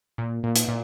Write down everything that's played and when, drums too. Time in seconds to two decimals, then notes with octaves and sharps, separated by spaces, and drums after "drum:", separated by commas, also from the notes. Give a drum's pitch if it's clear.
0.18 A#2
0.43 A#2
0.56 drum: hi-hat
0.68 A#2